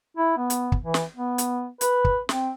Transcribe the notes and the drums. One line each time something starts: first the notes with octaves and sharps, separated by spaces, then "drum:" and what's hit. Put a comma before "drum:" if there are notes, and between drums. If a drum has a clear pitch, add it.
E4
B3
drum: hi-hat
drum: kick
E3
drum: snare
B3
drum: hi-hat
B4, drum: hi-hat
drum: kick
C4, drum: snare